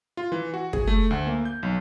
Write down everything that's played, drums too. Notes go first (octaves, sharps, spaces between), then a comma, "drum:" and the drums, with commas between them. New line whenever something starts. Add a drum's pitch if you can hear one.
F4
E3
F#4
G#4, drum: kick
A3
D2
A#3
G6
B1